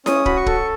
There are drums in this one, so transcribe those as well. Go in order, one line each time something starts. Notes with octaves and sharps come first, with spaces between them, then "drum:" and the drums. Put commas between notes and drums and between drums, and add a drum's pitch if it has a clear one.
C#4 D#6, drum: snare E4
F#4 B5, drum: kick
C#6
A4, drum: kick